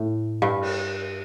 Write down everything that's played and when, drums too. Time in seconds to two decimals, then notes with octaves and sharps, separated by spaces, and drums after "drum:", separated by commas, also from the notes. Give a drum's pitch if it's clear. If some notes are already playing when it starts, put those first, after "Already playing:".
Already playing: A2
0.42 G2
0.61 drum: cymbal